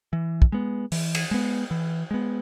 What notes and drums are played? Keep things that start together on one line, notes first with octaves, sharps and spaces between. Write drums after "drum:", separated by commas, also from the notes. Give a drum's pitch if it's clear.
E3
drum: kick
G#3 B3
E3, drum: open hi-hat
drum: cymbal
G#3 B3
E3
G#3 B3